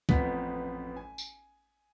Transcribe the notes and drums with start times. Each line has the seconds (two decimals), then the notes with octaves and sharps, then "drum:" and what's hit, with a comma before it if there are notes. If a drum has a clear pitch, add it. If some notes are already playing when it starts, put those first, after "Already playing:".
0.09 A1 F2 B3 B6, drum: kick
0.97 G#5
1.18 drum: tambourine